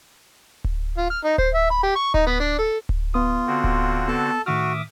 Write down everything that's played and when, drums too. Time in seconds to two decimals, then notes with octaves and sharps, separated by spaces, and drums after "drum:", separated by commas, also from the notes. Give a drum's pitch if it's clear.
0.64 drum: kick D1
0.97 F4
1.10 F6
1.25 D#4
1.38 C5, drum: kick D1
1.54 E5
1.70 B5
1.83 G4
1.96 C#6
2.14 D#4, drum: kick D1
2.27 B3
2.40 D4
2.59 A4
2.89 drum: kick D1
3.14 B3 F4 D#6
3.47 D3 C4 F#4
3.64 drum: kick D1
4.08 B3 A4 A5
4.46 A2 D#3 F#4 E5 D6 D#6 F6